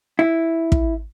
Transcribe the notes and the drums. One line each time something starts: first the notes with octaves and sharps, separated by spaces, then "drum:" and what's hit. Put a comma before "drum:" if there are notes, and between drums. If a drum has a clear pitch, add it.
E4
drum: kick